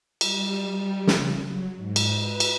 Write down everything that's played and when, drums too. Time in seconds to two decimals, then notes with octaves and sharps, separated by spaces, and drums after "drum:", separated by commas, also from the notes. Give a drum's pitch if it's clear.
0.21 G3, drum: cymbal
0.71 G3
1.07 C#3, drum: snare
1.44 F#3
1.76 G#2
1.96 drum: cymbal
2.15 B4
2.40 drum: cymbal